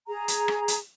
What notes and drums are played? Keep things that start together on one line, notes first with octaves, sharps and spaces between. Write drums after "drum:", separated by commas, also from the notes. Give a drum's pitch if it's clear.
G#4 A#5
drum: hi-hat
drum: rim click
drum: hi-hat